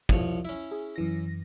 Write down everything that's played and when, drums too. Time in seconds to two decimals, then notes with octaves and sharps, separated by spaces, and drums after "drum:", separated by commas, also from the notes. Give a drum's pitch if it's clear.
0.09 C2 F3 C#5, drum: kick
0.45 C#4 E4
0.71 G#4
0.96 F#2 E3 A#6